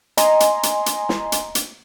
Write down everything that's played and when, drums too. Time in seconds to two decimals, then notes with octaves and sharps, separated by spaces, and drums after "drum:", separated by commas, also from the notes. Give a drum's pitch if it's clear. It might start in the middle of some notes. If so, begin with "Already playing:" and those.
0.17 D#5 G#5 A#5 C6, drum: hi-hat
0.40 drum: hi-hat
0.63 drum: hi-hat
0.86 drum: hi-hat
1.09 drum: snare
1.32 drum: hi-hat
1.55 drum: hi-hat